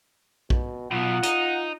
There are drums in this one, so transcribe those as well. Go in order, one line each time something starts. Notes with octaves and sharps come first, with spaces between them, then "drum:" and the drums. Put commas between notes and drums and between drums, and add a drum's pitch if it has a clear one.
B2, drum: kick A#1
B1 B2 F4 F#5
D#4, drum: hi-hat